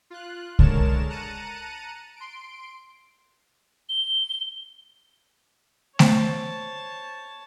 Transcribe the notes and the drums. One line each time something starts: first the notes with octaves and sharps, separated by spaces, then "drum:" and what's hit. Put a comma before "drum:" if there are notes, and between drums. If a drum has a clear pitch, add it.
F4 F#6
D3 G#3 A#4 C#5 A5 E7, drum: kick C2
A5 A#5 F#6 C#7 D#7
C6 D7
G7
C5 C#5 A5, drum: snare A3